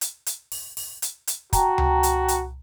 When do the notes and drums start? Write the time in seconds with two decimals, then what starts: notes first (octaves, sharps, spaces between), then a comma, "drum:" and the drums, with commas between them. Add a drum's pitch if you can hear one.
0.01 drum: hi-hat
0.26 drum: hi-hat
0.52 drum: open hi-hat
0.77 drum: open hi-hat
1.02 drum: hi-hat
1.27 drum: hi-hat
1.53 F#4 G5 A5 A#5, drum: kick, hi-hat
1.78 drum: tom C#2
2.03 drum: hi-hat
2.28 drum: hi-hat